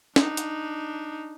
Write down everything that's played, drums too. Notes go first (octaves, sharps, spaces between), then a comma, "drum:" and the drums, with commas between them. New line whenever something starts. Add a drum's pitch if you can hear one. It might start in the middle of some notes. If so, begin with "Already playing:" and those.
D4 D#4, drum: snare
drum: hi-hat